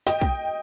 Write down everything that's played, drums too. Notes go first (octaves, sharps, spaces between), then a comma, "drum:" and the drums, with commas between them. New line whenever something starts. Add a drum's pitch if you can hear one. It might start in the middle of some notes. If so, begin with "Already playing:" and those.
D#5 G5, drum: snare
drum: kick